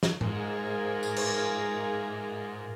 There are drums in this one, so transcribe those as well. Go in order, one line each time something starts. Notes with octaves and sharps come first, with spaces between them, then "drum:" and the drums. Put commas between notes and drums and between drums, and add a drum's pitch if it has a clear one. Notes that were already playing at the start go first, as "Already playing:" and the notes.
drum: snare
G#2 F4 G#4 A#4, drum: tom G#2
drum: tambourine
drum: cymbal